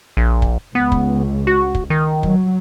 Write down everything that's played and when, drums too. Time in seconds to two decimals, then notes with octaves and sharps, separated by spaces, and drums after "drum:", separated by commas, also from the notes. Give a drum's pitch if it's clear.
0.17 A#1
0.42 drum: kick
0.75 C#2 B3
0.92 drum: kick
1.47 F#4
1.75 drum: kick
1.90 D#3
2.23 F#3, drum: kick